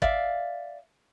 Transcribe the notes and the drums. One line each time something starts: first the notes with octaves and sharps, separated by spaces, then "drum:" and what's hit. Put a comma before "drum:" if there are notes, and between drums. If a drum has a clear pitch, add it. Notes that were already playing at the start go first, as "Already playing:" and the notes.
D5 E5 F5, drum: kick